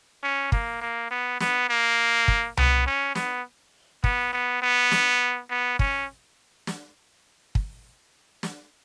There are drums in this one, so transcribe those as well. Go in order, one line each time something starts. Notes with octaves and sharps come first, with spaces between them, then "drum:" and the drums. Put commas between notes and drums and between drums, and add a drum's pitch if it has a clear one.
C#4
A#3, drum: kick
A#3
B3
B3, drum: snare
A#3
drum: kick
B3, drum: tom C2
C#4
B3, drum: snare
B3, drum: kick
B3
B3
drum: snare
B3
C#4, drum: kick
drum: snare
drum: kick
drum: snare